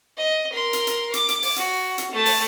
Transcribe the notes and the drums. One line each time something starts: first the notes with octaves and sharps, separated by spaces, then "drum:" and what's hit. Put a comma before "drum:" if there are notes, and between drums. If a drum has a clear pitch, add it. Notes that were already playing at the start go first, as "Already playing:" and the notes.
D#5
A#4 C6
drum: hi-hat
drum: hi-hat
D6, drum: hi-hat
drum: hi-hat
drum: open hi-hat
F#4, drum: hi-hat
drum: hi-hat
A3 A5
drum: open hi-hat